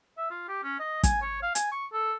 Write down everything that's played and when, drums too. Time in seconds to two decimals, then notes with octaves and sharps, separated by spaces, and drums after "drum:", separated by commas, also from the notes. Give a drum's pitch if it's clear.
0.18 E5
0.31 F4
0.48 G4
0.63 C#4
0.79 D#5
1.03 G#5, drum: kick, hi-hat
1.22 C#5
1.42 F5
1.55 G#5, drum: hi-hat
1.72 C#6
1.93 A4